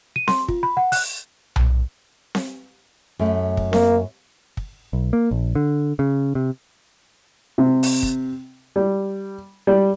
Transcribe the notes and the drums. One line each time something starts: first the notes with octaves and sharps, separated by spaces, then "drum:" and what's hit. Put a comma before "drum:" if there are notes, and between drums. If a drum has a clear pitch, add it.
D#7
C6, drum: snare C4
F4, drum: kick
B5
F#5
F#6, drum: open hi-hat
drum: tom B1
drum: snare C4
F#2 A3
drum: kick
A#3, drum: snare C4
drum: kick
B1
A#3
A#1
D3
C#3
C3
C3
drum: open hi-hat
drum: kick
G3
G3